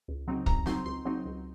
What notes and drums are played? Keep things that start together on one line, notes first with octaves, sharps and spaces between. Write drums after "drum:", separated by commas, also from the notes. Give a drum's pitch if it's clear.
C#2
C#3 F#3 C4 D#4
C#2 A#5, drum: kick
C#3 F#3 C4 D#4 C6, drum: snare
C#2 C6
C#3 F#3 C4 D#4
C#2